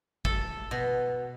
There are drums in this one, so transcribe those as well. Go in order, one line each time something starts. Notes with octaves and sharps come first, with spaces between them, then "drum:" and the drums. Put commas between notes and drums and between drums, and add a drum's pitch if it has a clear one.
A4, drum: kick
B2